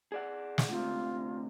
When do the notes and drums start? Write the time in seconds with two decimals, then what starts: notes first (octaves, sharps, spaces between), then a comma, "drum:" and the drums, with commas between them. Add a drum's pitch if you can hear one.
0.12 G#4 D5 F#5
0.58 drum: snare
0.69 D2 C3 F4